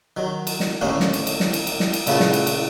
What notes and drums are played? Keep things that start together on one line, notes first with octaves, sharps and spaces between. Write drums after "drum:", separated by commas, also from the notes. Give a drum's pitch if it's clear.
D#3 F#3
drum: cymbal
drum: snare
D#2 A2 D3 A#3 C#4
drum: snare
drum: cymbal
drum: cymbal
drum: snare
drum: cymbal
drum: cymbal
drum: snare
drum: cymbal
A#2 C#3 A3 B4 F#5 A5, drum: cymbal
drum: snare
drum: cymbal
drum: cymbal